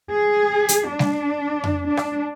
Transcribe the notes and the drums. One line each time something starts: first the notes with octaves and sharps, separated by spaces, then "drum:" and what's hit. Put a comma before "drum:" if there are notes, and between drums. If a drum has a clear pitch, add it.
G#4
drum: hi-hat
D4
drum: snare G3
drum: tom F2
D4
drum: rim click